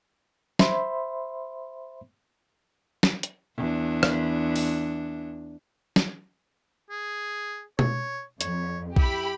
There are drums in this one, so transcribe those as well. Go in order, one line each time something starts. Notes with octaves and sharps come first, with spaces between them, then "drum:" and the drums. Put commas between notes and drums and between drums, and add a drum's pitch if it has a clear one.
C5 E5 B5 C6, drum: snare
drum: snare
drum: hi-hat
E2 D4
drum: rim click
drum: open hi-hat
drum: snare
G#4
C#5, drum: tom B2
F2 C#5, drum: hi-hat
E4 G4 B5, drum: kick B1